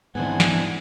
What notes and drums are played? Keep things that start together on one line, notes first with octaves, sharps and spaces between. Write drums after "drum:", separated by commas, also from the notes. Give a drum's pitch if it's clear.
G#2 E3 B3 C4 D4 F#5 G#5
drum: snare